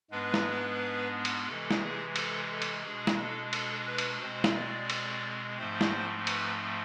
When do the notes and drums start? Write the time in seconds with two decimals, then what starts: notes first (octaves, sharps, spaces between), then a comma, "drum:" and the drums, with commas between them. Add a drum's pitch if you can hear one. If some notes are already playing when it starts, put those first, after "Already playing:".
0.11 G#2 G#3 B3 D4 B4
0.34 drum: snare
1.25 drum: cymbal
1.47 C3 E3 G#3 A4
1.71 drum: snare
1.82 G#4
2.16 A4, drum: cymbal
2.50 A4
2.62 drum: cymbal
2.84 B2 G#3 D4 G#4
3.07 drum: snare
3.18 A4
3.53 A4, drum: cymbal
3.86 B4
3.98 drum: cymbal
4.21 B2 G#3 C4 C5
4.44 drum: snare
4.55 D5
4.90 drum: cymbal
5.58 G#2 F3 A3 C4 C5
5.81 drum: snare
6.27 B4, drum: cymbal